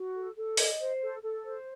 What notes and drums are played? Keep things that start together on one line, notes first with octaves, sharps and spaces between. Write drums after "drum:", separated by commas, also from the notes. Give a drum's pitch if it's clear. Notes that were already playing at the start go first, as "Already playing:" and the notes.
Already playing: F#4
A4
A4
D#5, drum: open hi-hat
C5
A4
A4
C5